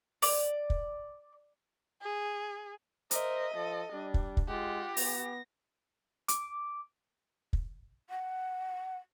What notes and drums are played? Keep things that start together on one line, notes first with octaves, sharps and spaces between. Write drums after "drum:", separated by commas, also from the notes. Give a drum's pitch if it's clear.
D5, drum: open hi-hat
drum: kick
G#4
A#4 C5 D#5 E5, drum: hi-hat
F3 A4
G3 D4
drum: kick
drum: kick
G#3 F4 G4 F#5
B3 A#6, drum: open hi-hat
D6, drum: hi-hat
drum: kick
F#5